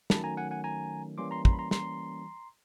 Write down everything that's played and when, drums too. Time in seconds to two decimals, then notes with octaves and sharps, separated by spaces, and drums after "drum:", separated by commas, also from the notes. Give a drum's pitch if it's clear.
0.10 D#3 F#3 A3 C#4 A5 B5, drum: snare
0.24 G#5 A#5
0.37 F#5 G#5
0.51 F#5 G#5
0.64 G#5 A#5
1.18 E3 G3 A#3 C#4 C6 D6
1.31 A#5 C6
1.45 A#5 C6, drum: kick
1.53 B5
1.59 A#5 C6
1.71 A#5 C6, drum: snare